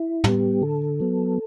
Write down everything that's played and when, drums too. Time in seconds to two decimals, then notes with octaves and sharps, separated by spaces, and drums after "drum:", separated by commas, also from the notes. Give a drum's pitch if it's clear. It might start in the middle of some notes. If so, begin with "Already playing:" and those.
Already playing: E4
0.24 G3 B3 G4, drum: tom
0.62 D3 A4
1.00 F#3 B3